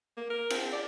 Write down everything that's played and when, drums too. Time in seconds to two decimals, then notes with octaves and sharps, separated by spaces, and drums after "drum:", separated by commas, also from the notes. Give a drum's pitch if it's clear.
0.17 A#3
0.30 A#4
0.50 C4, drum: cymbal
0.73 D5